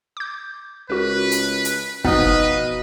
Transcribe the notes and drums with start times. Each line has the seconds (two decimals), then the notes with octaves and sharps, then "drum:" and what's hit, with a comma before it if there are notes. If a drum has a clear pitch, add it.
0.17 D6 G6
0.90 C#2 F#4 A#4 B4
1.31 drum: hi-hat
1.65 drum: hi-hat
2.04 B2 F3 B3 D#4 B4 D#5 F5, drum: kick